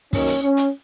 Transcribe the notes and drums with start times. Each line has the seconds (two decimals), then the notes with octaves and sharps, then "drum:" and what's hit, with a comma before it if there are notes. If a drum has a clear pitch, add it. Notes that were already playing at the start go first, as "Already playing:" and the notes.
0.13 F#2 D#3 A#3 C#4, drum: kick, open hi-hat
0.28 drum: hi-hat
0.42 C#4
0.57 drum: hi-hat